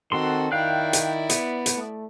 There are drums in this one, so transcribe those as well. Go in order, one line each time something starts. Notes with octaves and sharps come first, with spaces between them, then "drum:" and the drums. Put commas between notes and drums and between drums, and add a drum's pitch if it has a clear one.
D#3 C4 F#4 A4 F#5 C6
D#3 E4 D5 F5 G5 F#6
drum: hi-hat
B3, drum: hi-hat
drum: hi-hat
A3